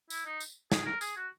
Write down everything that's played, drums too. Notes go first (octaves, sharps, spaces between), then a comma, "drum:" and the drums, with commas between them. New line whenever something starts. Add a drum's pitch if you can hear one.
E4, drum: tambourine
D#4
drum: tambourine
G#4, drum: snare
A#4
G#4, drum: tambourine
F#4